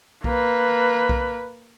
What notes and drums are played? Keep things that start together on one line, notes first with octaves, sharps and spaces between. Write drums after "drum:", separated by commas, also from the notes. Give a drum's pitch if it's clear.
A#3 B4, drum: kick B1
drum: kick B1